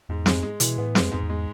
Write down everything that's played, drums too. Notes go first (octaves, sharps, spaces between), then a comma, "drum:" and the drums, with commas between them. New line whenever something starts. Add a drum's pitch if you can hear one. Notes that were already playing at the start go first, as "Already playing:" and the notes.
E2 G#2
F2 G#3, drum: snare
G#3
B2 E3, drum: hi-hat
A2 B3
F2 G#3, drum: snare
F2 G#2
E2
G#3